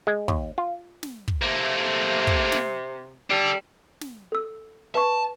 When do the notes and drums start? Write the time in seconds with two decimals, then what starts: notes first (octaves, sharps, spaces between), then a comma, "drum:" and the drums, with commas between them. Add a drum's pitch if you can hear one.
0.07 G#3
0.28 D#2, drum: kick
0.58 F4
1.03 drum: snare
1.28 drum: kick
1.42 C3 A3 A#3
2.27 drum: kick
2.52 drum: snare
3.30 G3 D4 A4
4.01 drum: snare
4.32 A4 E6
4.95 B4 A5 C#6